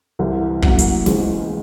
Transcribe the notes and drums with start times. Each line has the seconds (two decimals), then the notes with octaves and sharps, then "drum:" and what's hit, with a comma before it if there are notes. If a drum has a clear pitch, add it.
0.19 C2 C3 E3 G3
0.62 A1 A2 F#3 A#3, drum: kick
0.79 drum: hi-hat
1.06 C#2 C#3 E3 G#3 C4, drum: snare